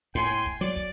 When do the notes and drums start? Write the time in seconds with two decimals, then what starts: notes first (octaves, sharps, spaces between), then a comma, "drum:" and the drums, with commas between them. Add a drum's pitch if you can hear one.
0.15 A2 G5 G#5 C6, drum: kick
0.46 drum: kick
0.61 F#3 D5
0.76 drum: kick